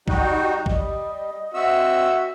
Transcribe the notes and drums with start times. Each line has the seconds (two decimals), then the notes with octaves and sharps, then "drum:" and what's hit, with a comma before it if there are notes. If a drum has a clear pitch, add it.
0.08 G3 D#4 F#4 G5, drum: kick
0.66 G3 D#5, drum: kick
1.54 C4 F#4 E5 E6